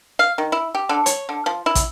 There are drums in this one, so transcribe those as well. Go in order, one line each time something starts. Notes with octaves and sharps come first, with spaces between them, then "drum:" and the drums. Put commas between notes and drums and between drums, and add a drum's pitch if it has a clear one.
F5
D#3
E4
G4
D3
C#5, drum: hi-hat
D3
F3
E4
drum: kick, hi-hat